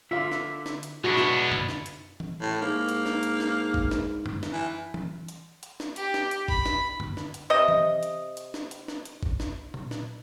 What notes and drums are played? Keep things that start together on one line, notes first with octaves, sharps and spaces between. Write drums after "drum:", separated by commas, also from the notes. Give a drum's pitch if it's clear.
D3 F4 E5 F5
drum: snare
drum: snare
drum: hi-hat
B1 G#3 B3 D4 E4 F#4
drum: snare
drum: tom
drum: snare
drum: hi-hat
drum: tom E3
A2
G#2 A#3
drum: hi-hat
drum: snare
drum: hi-hat
drum: snare
drum: kick
drum: snare
drum: tom
drum: snare
E3
drum: tom E3
drum: hi-hat
drum: hi-hat
drum: snare
G4, drum: hi-hat
drum: snare
drum: hi-hat
B5, drum: kick
drum: snare
drum: tom
drum: snare
drum: hi-hat
C3 D#5
drum: tom E3
drum: hi-hat
drum: hi-hat
drum: snare
drum: hi-hat
drum: snare
drum: hi-hat
drum: kick
drum: snare
drum: tom A#2
drum: snare